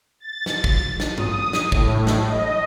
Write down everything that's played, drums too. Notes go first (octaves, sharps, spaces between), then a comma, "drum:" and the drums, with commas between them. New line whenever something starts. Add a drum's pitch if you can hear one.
A6
drum: snare
drum: kick
drum: snare
D#6, drum: tom G2
drum: snare
A2, drum: kick
drum: snare
D#5